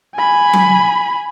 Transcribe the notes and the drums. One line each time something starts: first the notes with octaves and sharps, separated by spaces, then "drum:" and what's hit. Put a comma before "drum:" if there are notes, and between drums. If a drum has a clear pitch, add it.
G#5 B5
drum: tom F#3